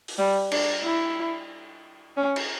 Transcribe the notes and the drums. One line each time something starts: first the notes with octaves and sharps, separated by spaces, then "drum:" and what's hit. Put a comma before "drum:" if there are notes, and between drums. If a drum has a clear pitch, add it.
drum: open hi-hat
G3
D4, drum: cymbal
E4
C#4
drum: cymbal